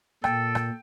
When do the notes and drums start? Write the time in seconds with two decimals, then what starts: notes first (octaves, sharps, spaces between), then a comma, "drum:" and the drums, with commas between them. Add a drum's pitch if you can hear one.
0.24 A#2 A4 G5, drum: rim click
0.55 drum: rim click